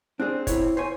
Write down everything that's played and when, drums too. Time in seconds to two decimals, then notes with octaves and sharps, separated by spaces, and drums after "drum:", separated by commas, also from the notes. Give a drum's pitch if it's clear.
0.20 C4 D4 G#4
0.47 E4 C#5, drum: kick, hi-hat
0.77 C5 C#5 G#5